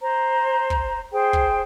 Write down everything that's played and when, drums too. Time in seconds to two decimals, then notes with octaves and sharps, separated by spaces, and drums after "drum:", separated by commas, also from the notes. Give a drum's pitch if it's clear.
0.02 C5 A#5
0.70 drum: kick
1.12 G#4 C5 G5
1.33 drum: kick